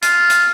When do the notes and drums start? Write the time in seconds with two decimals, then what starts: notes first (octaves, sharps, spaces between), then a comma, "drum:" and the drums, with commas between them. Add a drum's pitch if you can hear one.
0.03 F4, drum: hi-hat
0.30 drum: hi-hat